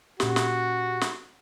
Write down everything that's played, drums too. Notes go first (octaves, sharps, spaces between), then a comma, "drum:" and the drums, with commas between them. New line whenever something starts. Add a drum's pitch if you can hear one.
A#2 C#4 F#4 G4, drum: snare
drum: snare
drum: snare